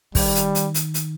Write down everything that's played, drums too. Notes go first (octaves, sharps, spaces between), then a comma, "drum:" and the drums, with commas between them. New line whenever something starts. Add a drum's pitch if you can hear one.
D#3 G3, drum: kick, open hi-hat
drum: hi-hat
drum: hi-hat
drum: hi-hat
drum: hi-hat